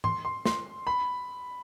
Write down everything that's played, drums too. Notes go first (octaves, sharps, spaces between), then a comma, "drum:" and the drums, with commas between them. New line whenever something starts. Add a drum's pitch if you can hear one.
C6, drum: tom G#2
C6
C6, drum: snare
B5